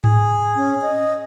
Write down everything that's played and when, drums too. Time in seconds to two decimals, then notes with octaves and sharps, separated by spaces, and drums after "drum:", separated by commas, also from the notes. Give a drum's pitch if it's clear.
0.04 G#4, drum: tom G#2
0.56 C#4
0.82 D#5